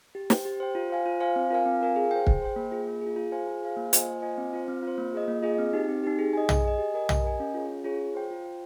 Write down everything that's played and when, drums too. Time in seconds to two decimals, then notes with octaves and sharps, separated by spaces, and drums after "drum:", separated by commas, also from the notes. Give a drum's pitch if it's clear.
0.15 G4
0.30 C5 G5, drum: snare
0.45 G4
0.60 C5 G5
0.75 F4
0.90 C5 F5 G#5
1.06 F4
1.20 C5 F5 G#5
1.36 C4
1.51 F4 A#4 F5 G#5
1.66 C4
1.81 F4 A#4 F5 G#5
1.96 G#4
2.11 C5 G5
2.27 G#4, drum: kick
2.42 C5 G5
2.56 A#3
2.71 F4 G#4
2.87 A#3
3.02 F4 G#4
3.16 F4
3.32 G#4 C5 F5 G#5
3.47 F4
3.62 G#4 C5 F5 G#5
3.77 A#3
3.93 F4 C5 D#5 G#5, drum: hi-hat
4.07 A#3
4.22 F4 C5 D#5 G#5
4.38 C4
4.53 F4 C5
4.68 C4
4.83 F4 C5
4.98 A#3
5.13 F4 G#4 D#5
5.28 A#3
5.43 F4 G#4 D#5
5.58 C4
5.73 D#4 G4
5.88 C4
6.04 D#4 G4
6.19 G#4
6.33 D#5 G#5
6.49 G#4, drum: tom
6.64 D#5 G#5
6.78 G4
6.94 A#4 D#5 G#5
7.09 G4, drum: tom
7.24 A#4 D#5 G#5
7.40 C#4
7.54 F4 G#4 C#5
7.69 C#4
7.84 F4 G#4 C#5
7.99 F4
8.15 C5 G5
8.31 F4
8.45 C5 G5